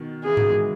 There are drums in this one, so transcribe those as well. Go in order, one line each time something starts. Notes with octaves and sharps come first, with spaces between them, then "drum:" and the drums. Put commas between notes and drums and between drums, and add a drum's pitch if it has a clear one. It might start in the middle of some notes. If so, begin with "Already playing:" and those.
Already playing: B2 D#3
C#3 E3 G#4
D#3 F#3, drum: tom G#2
E3 G#3